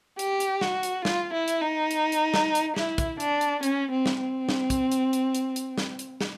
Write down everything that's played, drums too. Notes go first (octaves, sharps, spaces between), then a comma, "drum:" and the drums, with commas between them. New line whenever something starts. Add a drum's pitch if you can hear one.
G4, drum: hi-hat
drum: hi-hat
F#4, drum: snare
drum: hi-hat
F4, drum: snare
E4
drum: hi-hat
D#4
drum: hi-hat
drum: hi-hat
drum: snare
drum: hi-hat
E4, drum: snare
drum: kick, hi-hat
D4, drum: hi-hat
drum: hi-hat
C#4, drum: hi-hat
C4
drum: snare
C4
drum: snare
drum: kick, hi-hat
drum: hi-hat
drum: hi-hat
drum: hi-hat
drum: hi-hat
drum: snare
drum: hi-hat
drum: snare